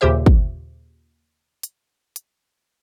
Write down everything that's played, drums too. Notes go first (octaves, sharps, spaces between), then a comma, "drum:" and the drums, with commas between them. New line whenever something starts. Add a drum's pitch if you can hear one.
D#2 A#2 C#3 G4 C5 E5
drum: kick
drum: hi-hat
drum: hi-hat